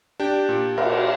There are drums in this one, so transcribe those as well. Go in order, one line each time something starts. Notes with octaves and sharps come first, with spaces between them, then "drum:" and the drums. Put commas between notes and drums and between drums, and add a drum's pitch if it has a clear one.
D4 G4 G5
A#2
A#4, drum: cymbal